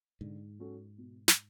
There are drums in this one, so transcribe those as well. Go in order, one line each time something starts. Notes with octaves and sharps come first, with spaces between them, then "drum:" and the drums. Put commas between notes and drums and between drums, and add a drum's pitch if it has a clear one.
G#2 D3
F#3 C#4 F#4 A4
B2
drum: snare